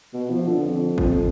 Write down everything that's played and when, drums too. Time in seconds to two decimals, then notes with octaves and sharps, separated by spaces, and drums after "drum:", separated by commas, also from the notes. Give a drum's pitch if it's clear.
0.14 B2
0.30 F3
0.47 D3
0.64 F2
0.98 F2, drum: kick G#1